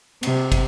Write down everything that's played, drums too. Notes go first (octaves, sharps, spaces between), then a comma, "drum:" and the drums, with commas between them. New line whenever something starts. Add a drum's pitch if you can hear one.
C3, drum: cymbal
drum: kick, cymbal